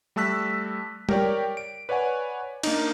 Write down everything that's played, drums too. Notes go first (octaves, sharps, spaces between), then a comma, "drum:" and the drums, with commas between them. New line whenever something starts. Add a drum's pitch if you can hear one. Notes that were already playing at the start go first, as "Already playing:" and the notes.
G3 A3 A5 E6 F#6 B6
G4 A#4 C#5 D5 G5, drum: tom G3
D7
B4 C#5 D5 F#5 G#5
A#3 D4 D#4, drum: cymbal